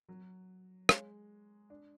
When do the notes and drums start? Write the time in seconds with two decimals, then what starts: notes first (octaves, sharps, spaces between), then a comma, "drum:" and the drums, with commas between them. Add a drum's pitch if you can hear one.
0.09 F#3
0.89 G#3, drum: rim click
1.70 D4